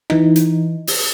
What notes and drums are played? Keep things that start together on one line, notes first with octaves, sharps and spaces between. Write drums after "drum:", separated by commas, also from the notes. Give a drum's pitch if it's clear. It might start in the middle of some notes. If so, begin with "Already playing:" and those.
E3 D#4, drum: rim click
drum: hi-hat
drum: open hi-hat